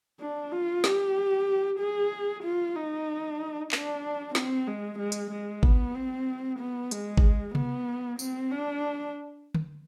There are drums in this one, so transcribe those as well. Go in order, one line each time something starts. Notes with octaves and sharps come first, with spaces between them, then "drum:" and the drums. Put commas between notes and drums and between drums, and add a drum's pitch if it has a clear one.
D4
F4
G4, drum: snare
G#4
F4
D#4
D4, drum: clap
C4, drum: snare
G#3
G#3
drum: hi-hat
G#3
B3, drum: kick G#1
C4
B3
G#3, drum: hi-hat
drum: kick G#1
B3, drum: tom C3
C4, drum: tambourine
D4
drum: tom D3